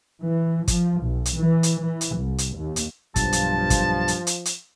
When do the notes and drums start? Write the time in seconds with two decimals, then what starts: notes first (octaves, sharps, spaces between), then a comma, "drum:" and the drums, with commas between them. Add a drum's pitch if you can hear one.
0.23 E3
0.68 F3, drum: kick, hi-hat
1.03 B1
1.25 drum: hi-hat
1.38 E3
1.63 drum: hi-hat
1.84 E3
2.01 drum: hi-hat
2.18 C2
2.38 drum: hi-hat
2.57 D#2
2.76 drum: hi-hat
3.16 B1 G2 F3 A5, drum: kick, hi-hat
3.33 drum: hi-hat
3.70 drum: kick, hi-hat
4.08 drum: hi-hat
4.27 drum: hi-hat
4.45 drum: hi-hat